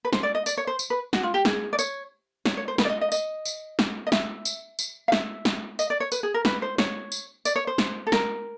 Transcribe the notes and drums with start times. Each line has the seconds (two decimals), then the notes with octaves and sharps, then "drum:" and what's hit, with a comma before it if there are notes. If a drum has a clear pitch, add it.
0.05 B4
0.13 C5, drum: snare
0.23 D5
0.35 D#5
0.46 D5, drum: tambourine
0.57 C#5
0.67 C5
0.79 drum: tambourine
0.90 B4
1.13 F#4, drum: snare
1.23 F4
1.34 G4
1.45 G#4, drum: snare
1.73 D5
1.79 C#5, drum: tambourine
2.45 C#5, drum: snare
2.57 C#5
2.68 C5
2.78 B4, drum: snare
2.85 D5
2.89 D#5
3.01 D#5
3.12 D#5, drum: tambourine
3.45 drum: tambourine
3.79 drum: snare
4.07 D#5
4.12 E5, drum: snare
4.45 drum: tambourine
4.79 drum: tambourine
5.08 F5
5.12 E5, drum: snare
5.45 drum: snare
5.79 D#5, drum: tambourine
5.90 D5
6.00 C#5
6.12 B4, drum: tambourine
6.23 G#4
6.34 A#4
6.45 B4, drum: snare
6.62 C5
6.78 C#5, drum: snare
7.12 drum: tambourine
7.45 D5, drum: tambourine
7.56 C#5
7.67 C5
7.78 drum: snare
8.07 A4
8.12 A#4, drum: snare